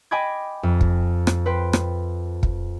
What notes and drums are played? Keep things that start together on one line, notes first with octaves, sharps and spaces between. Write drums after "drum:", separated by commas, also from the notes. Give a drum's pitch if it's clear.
D#5 G5 G#5 B5 D6 G#6
F2
drum: kick
drum: rim click
B4 C5 G5
drum: rim click
drum: kick